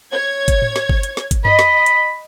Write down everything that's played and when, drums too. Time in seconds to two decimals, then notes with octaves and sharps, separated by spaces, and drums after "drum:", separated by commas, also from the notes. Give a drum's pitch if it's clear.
0.12 C#5 G#6
0.48 drum: kick G1, hi-hat
0.62 drum: tom A2
0.76 drum: snare
0.89 drum: kick G1
1.03 drum: hi-hat
1.17 drum: snare
1.31 drum: kick G1, hi-hat
1.45 D#5 B5, drum: tom F#2
1.59 drum: snare
1.86 drum: hi-hat